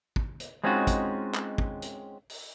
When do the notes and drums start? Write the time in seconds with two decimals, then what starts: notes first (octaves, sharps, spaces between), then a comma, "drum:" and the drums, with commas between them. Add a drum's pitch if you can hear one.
0.16 drum: kick
0.40 drum: hi-hat
0.64 G#3 C4 C#4 D#4 F4 F#4
0.87 drum: kick, hi-hat
1.35 drum: clap
1.58 drum: kick
1.82 drum: hi-hat
2.29 drum: open hi-hat